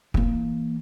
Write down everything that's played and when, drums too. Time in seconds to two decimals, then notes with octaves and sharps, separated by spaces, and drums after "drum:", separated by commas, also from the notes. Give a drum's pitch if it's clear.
0.14 E3 A#3, drum: kick